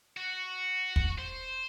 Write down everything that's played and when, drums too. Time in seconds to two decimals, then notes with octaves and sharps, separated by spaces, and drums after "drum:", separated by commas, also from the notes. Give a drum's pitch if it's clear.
0.17 F#4
0.96 drum: kick
1.18 C5